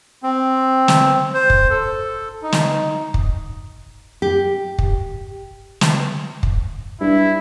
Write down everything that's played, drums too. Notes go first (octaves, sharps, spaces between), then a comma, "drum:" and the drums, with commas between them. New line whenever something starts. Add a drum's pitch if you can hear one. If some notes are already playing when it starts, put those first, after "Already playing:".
C4
drum: snare
C5
drum: kick
A4
D#4
drum: snare
drum: kick
G4
drum: kick
drum: snare
drum: kick
G2 E4